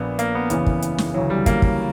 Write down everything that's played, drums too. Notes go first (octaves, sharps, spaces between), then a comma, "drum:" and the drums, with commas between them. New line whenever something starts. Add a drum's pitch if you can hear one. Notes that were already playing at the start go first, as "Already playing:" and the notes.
Already playing: A#1 A#2 B3
A#3, drum: hi-hat
B3
F#1 E2 C#3 E3, drum: hi-hat
drum: kick
drum: hi-hat
drum: snare
D2 C#3 E3 F#3
G3
A#3, drum: kick, hi-hat
drum: kick